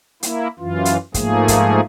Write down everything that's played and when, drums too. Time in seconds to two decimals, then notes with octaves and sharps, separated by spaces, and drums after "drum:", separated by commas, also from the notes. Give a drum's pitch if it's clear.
0.23 A#3 E4, drum: hi-hat
0.59 F#2 E3 F4
0.85 drum: hi-hat
1.14 G#2 F3 A3 A#3 G#4, drum: kick, hi-hat
1.48 drum: kick, hi-hat